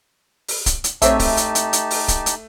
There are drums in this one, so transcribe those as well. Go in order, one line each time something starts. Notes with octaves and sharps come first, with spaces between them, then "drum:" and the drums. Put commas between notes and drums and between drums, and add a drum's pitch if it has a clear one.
drum: open hi-hat
drum: kick, hi-hat
drum: hi-hat
A#1 A3 C4 D#4 G4 C#5 E5 A5, drum: hi-hat
drum: kick, open hi-hat
drum: hi-hat
drum: hi-hat
drum: hi-hat
drum: open hi-hat
drum: kick, hi-hat
drum: hi-hat